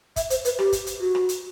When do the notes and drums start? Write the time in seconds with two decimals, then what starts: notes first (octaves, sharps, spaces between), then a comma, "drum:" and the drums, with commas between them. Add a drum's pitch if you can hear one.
0.16 E5, drum: kick, hi-hat
0.30 C5, drum: hi-hat
0.45 B4, drum: hi-hat
0.59 G4, drum: rim click
0.73 drum: kick, hi-hat
0.87 drum: hi-hat
1.00 F#4
1.15 drum: rim click
1.29 drum: hi-hat